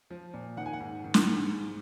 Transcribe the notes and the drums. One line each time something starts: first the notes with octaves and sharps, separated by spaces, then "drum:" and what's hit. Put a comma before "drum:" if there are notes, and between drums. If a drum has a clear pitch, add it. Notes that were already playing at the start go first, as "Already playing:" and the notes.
F3
A#2
D#3 F#5
G#5
F#5
G#2
D#3
drum: snare
G#2
G#2